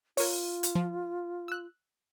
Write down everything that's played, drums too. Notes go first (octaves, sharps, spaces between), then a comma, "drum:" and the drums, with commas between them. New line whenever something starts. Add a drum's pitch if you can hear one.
F4 A#4 C#5, drum: open hi-hat
drum: hi-hat
F3
E6 F#6